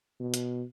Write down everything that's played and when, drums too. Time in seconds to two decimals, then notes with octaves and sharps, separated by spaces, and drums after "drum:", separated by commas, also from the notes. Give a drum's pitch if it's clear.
0.20 B2
0.34 drum: hi-hat